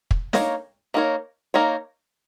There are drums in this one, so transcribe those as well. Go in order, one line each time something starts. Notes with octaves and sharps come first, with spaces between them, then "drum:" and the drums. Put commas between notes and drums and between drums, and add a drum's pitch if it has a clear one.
drum: kick
A#3 D#4 A#4 C#5, drum: snare
A#3 D#4 A#4 C#5
A#3 D#4 A#4 C#5